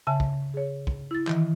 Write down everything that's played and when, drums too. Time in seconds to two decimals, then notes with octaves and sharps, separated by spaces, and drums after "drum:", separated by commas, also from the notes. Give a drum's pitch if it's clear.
0.07 C#3 E5 G#5 A5
0.20 drum: kick
0.54 G#4 C#5
0.87 drum: kick
1.11 E4 A6
1.27 D#3 E3, drum: clap